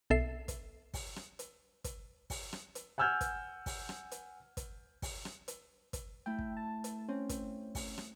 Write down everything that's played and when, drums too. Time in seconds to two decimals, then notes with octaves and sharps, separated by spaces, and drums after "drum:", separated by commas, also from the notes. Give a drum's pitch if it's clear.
0.10 B1 A4 E5 C7
0.48 drum: kick, hi-hat
0.94 drum: kick, open hi-hat
1.16 drum: rim click
1.39 drum: hi-hat
1.84 drum: kick, hi-hat
2.30 drum: kick, open hi-hat
2.53 drum: rim click
2.75 drum: hi-hat
2.98 F#5 G#5 E6 F6 G6 G#6
3.21 drum: kick, hi-hat
3.66 drum: kick, open hi-hat
3.89 drum: rim click
4.11 drum: hi-hat
4.57 drum: kick, hi-hat
5.02 drum: kick, open hi-hat
5.25 drum: rim click
5.48 drum: hi-hat
5.93 drum: kick, hi-hat
6.26 A3 E4 G5
6.39 drum: kick
6.57 A5
6.84 drum: hi-hat
7.09 C4 C#4
7.29 drum: kick, hi-hat
7.75 drum: kick, open hi-hat
7.98 drum: rim click